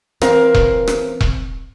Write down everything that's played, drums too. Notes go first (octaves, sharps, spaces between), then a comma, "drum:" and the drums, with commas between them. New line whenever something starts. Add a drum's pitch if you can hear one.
E3 C4 A#4 F5, drum: rim click
drum: kick E1
drum: rim click
drum: kick E1